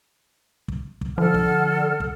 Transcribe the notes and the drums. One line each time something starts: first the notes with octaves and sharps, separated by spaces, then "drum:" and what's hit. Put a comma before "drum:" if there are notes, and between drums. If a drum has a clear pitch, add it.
drum: kick
drum: kick
D3 F3 A4 F#5 F6
drum: kick
drum: kick